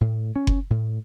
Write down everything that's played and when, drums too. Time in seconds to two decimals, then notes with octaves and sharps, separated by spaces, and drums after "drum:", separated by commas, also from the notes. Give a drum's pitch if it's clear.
0.01 A2
0.36 C#4
0.47 drum: kick F#1
0.70 A2